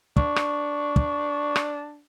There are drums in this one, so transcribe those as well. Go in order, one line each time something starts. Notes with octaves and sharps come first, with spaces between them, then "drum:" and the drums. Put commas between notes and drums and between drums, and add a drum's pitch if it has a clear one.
D4 C#6, drum: kick
drum: rim click
drum: kick
drum: rim click